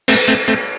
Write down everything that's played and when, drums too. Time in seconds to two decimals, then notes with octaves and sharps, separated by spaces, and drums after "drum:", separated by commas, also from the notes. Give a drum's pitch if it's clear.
0.08 A3 C4, drum: cymbal
0.28 A3 C4
0.48 A3 C4